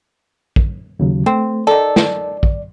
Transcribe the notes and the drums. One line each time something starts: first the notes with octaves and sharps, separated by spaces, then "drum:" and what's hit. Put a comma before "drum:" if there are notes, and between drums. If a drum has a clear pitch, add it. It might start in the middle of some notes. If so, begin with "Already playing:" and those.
drum: kick
D#2 C#3 F#3
A3 C4
D#3 A4 D5
drum: snare
drum: kick